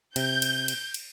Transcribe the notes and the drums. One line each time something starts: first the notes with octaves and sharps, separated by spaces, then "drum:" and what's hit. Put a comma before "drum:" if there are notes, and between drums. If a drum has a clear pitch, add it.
C3 G6, drum: cymbal
drum: cymbal
drum: cymbal
drum: cymbal